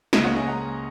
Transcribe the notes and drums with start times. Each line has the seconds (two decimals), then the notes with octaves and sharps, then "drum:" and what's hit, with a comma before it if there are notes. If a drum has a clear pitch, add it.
0.13 C#2 C#3 A#3 D#5, drum: snare
0.24 C#5 F#5
0.36 D#5 G#5
0.48 F#5 A#5